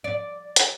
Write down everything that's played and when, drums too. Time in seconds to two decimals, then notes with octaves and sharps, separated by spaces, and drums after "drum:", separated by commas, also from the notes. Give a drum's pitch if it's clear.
0.04 D5
0.56 drum: hi-hat